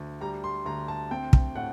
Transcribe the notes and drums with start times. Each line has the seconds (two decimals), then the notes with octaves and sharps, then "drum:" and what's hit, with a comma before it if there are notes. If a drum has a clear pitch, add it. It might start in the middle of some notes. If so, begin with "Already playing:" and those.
Already playing: D2
0.21 G3 A#5
0.44 C6
0.65 D2 A#5
0.88 A5
1.11 C4 G5
1.33 drum: kick
1.55 A2 F#5